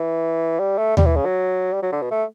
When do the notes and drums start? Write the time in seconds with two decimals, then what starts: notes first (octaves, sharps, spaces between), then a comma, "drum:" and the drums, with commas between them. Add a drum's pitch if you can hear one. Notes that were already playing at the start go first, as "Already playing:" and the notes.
Already playing: E3
0.59 G3
0.78 A3
0.97 G3, drum: tom D#2
1.06 E3
1.16 C#3
1.25 F#3
1.73 G3
1.82 F#3
1.92 D3
2.02 B2
2.11 A3